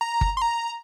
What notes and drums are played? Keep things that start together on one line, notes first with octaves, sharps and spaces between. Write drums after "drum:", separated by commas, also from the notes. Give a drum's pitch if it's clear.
A#5
drum: kick G1
C6
A#5